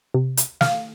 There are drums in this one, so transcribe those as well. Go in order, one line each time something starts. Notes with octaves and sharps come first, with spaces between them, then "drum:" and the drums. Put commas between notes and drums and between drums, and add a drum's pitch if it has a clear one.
C3
drum: hi-hat
F5, drum: snare